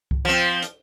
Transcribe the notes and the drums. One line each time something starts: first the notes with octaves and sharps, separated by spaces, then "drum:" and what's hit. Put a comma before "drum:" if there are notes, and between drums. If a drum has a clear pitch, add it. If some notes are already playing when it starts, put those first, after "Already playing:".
drum: kick C2
F3 C4
drum: hi-hat